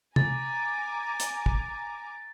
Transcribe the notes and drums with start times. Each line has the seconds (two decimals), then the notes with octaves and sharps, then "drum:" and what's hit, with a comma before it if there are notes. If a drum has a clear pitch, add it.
0.16 G#5 A#5 D6 A6, drum: tom C3
1.20 drum: hi-hat
1.46 drum: kick